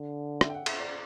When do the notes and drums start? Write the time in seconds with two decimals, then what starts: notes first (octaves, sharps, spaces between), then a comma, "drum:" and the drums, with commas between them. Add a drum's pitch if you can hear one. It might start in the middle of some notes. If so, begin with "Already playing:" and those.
Already playing: D3
0.41 E5, drum: rim click
0.50 G5
0.54 F#5
0.66 E5, drum: cymbal
0.79 D5